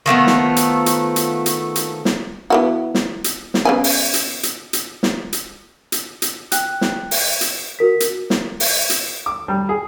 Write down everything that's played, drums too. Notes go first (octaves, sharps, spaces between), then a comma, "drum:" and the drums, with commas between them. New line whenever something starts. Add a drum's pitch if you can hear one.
D#3 F3 A3 B3
drum: snare
drum: hi-hat
drum: hi-hat
drum: hi-hat
drum: hi-hat
drum: hi-hat
drum: snare
E3 B3 F#4
drum: snare
drum: hi-hat
drum: snare
C#3 B3 G#5
drum: open hi-hat
drum: hi-hat
drum: hi-hat
drum: hi-hat
drum: snare
drum: hi-hat
drum: hi-hat
drum: hi-hat
G5 F#6, drum: hi-hat
drum: snare
drum: open hi-hat
drum: hi-hat
F#4 A#4 B6
drum: hi-hat
drum: snare
drum: open hi-hat
drum: hi-hat
D6
G3
G#4